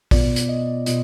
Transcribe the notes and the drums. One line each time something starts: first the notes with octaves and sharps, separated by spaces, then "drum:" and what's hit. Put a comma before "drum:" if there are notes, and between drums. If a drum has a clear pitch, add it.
B2 B3 F4 D5, drum: kick A#1, open hi-hat
drum: hi-hat
D#5
B2 B3 F4 D#5, drum: hi-hat